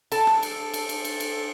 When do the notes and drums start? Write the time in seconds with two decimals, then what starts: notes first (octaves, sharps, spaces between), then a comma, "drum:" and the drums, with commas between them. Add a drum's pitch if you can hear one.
0.12 A4 A5, drum: cymbal
0.27 drum: rim click
0.43 drum: cymbal
0.74 drum: cymbal
0.89 drum: cymbal
1.05 drum: cymbal
1.20 drum: cymbal